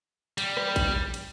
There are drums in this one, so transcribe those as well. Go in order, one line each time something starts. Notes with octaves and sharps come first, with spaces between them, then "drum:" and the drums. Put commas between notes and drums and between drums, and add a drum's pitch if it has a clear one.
G3, drum: cymbal
drum: rim click
drum: kick A#1, cymbal
drum: cymbal